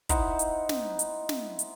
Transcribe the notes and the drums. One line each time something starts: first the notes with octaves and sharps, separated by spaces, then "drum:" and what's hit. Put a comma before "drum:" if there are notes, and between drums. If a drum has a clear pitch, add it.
D#4 E4 C5 F#5, drum: kick, hi-hat
drum: hi-hat
drum: snare
drum: hi-hat
drum: snare
drum: hi-hat